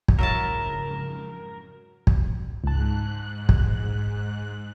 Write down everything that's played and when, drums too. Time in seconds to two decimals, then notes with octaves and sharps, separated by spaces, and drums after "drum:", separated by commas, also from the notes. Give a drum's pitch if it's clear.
0.08 drum: kick
0.19 F2 G#2 C#3 F#3 E4 A#4 A5
2.07 drum: kick
2.64 C#2 G#2 A5 F#6
3.49 drum: kick